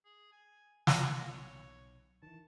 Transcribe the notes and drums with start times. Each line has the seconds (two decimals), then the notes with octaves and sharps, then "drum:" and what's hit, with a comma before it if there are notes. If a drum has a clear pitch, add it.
0.05 G#4
0.32 G#5
0.87 D2 F#5, drum: snare
1.06 A#2
1.27 B1 C#5
2.23 D#3 E3 A5